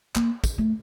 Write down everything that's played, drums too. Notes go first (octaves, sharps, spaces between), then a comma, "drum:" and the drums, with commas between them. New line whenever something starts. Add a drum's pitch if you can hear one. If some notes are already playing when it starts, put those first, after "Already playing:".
A#3, drum: clap
drum: kick, tambourine
A3